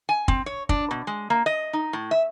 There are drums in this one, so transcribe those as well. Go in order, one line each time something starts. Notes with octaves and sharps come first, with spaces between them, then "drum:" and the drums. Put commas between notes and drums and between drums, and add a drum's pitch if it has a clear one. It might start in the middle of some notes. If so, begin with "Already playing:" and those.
G#5
C4, drum: kick
C#5
D4, drum: kick
B2
G#3
A#3
D#5
D#4
A2
E5